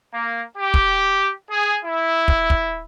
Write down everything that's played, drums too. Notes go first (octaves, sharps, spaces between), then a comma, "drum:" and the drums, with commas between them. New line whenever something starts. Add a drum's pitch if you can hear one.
A#3
G4
drum: kick
G#4
E4
drum: kick
drum: kick